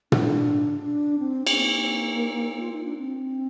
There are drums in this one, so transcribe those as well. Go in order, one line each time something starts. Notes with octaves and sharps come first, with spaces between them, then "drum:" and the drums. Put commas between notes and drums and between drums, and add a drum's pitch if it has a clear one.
D4, drum: tom
D4
C4
C4, drum: cymbal
A#3
F4
D#4
D4
C4